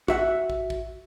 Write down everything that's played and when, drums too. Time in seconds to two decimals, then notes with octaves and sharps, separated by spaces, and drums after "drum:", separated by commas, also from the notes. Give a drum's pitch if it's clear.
0.08 F#4 E5 F#5, drum: kick
0.50 drum: kick
0.70 drum: kick